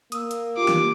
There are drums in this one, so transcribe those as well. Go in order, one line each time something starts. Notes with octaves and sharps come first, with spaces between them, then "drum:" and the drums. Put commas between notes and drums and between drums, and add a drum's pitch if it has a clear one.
A#3 D#6 E6, drum: hi-hat
drum: hi-hat
F4 G4 D6
drum: snare